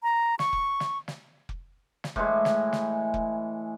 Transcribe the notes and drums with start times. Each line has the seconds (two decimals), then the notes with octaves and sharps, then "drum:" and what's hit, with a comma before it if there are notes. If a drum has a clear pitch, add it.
0.03 A#5
0.39 C#6, drum: snare
0.53 drum: kick F1
0.80 drum: snare
1.08 drum: snare
1.49 drum: kick F1
2.04 drum: snare
2.16 A2 E3 G#3, drum: kick F1
2.45 drum: snare
2.73 drum: snare
3.14 drum: kick F1